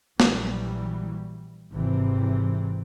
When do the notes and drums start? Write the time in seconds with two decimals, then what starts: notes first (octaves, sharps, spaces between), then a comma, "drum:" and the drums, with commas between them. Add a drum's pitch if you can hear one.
0.20 A#1 E3 F#3 G3, drum: snare
1.74 G#1 G#2 C3 E3 C4